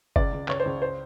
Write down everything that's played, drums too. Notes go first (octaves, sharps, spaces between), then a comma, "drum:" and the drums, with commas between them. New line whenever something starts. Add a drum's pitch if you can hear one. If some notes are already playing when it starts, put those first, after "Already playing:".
C#2 D5, drum: kick F#1
C#2
C#2 C#5, drum: clap
C5
C#2
C5